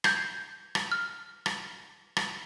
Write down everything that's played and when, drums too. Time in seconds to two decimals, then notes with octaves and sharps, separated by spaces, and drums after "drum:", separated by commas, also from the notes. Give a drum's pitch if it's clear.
0.04 G6 G#6 C7, drum: rim click
0.75 drum: rim click
0.92 F6
1.46 drum: rim click
2.17 drum: rim click